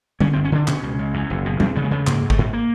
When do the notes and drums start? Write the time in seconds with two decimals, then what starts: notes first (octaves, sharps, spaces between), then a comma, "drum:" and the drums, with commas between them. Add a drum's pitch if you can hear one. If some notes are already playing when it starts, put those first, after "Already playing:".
0.20 D3 C#4, drum: tom G3
0.33 G1 C4
0.45 C#4
0.52 D3 D4
0.68 B2 C#4, drum: clap
0.83 C#2
0.99 C#2
1.14 E2
1.30 F#1
1.46 B2
1.60 E2 C4, drum: tom G3
1.75 C#3 B3
1.84 G#3
1.91 C#3 A3
2.07 G#2 A#3, drum: clap
2.22 G#2
2.30 A3, drum: kick G1
2.39 G#2
2.53 A#3